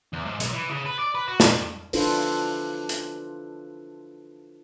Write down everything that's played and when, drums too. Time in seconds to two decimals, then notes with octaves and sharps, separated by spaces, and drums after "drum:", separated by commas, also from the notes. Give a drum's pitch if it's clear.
0.13 E2
0.25 G#2
0.40 B1, drum: hi-hat
0.53 E3
0.70 C#3
0.86 B4
0.99 D5
1.15 B4
1.28 F#4
1.40 A#2, drum: snare
1.53 G2
1.93 D4 E4 F4 A4 B4 C5, drum: open hi-hat
2.89 drum: hi-hat